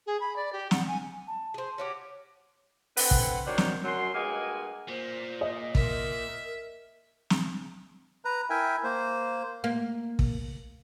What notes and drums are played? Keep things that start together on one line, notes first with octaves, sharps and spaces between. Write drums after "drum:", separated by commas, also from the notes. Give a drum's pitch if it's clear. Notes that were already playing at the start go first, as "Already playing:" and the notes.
G#4
B5
D5
G4
F#5, drum: snare
G#5
A5
G#4 C5
C#4 F#4 G4 C#5
D3 C4 B4 F#5, drum: open hi-hat
drum: kick
D#3 F#3 D4 C5 C#5 C6
drum: snare
F#2 F#3 C6
G2 G#3 A#3 F#4 D#5 G#5
A#2 C5
D#5
A#4 E5, drum: kick
drum: snare
B4 A#5
E4 A#4 E5 G5 G#5
A#3 C5
A#3
drum: kick